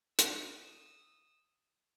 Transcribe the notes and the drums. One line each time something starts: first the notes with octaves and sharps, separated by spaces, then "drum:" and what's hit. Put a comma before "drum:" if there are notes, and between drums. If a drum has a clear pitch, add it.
D#6 E6, drum: hi-hat